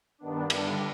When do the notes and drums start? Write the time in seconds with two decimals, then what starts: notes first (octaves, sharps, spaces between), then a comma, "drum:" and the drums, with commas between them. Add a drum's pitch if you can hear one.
0.18 G2 D#3 B3 D4
0.50 G2 D3 G3 D4, drum: cymbal